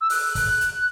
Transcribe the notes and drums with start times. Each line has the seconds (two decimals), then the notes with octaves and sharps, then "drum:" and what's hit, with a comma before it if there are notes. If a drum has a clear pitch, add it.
0.01 E6
0.10 F#6, drum: open hi-hat
0.35 drum: kick, open hi-hat
0.61 drum: hi-hat